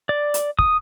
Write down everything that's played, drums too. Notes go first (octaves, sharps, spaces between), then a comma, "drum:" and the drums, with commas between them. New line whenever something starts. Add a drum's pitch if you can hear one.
D5
drum: hi-hat
D#6, drum: kick